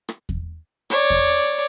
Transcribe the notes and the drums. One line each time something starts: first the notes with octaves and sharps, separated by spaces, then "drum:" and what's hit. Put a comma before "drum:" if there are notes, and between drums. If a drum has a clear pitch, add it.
drum: rim click
drum: kick E2
C#5 D5, drum: rim click
drum: kick E2